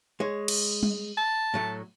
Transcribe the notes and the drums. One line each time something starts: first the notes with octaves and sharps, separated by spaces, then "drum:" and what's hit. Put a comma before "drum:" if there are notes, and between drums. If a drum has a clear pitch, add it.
G#3 C#5
drum: cymbal
drum: tom G3
A5
A2 F#3 A3